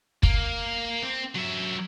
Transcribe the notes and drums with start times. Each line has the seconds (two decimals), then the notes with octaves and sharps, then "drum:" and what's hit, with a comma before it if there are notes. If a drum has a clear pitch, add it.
0.23 A#3, drum: kick
1.03 C4
1.35 F#3 E5